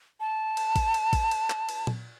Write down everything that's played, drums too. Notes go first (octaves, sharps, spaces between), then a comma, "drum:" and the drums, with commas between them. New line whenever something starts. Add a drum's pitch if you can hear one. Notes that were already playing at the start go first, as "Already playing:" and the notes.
A5
drum: cymbal
drum: kick A1, cymbal
drum: cymbal
drum: kick A1, cymbal
drum: cymbal
drum: clap
drum: cymbal
drum: tom A#2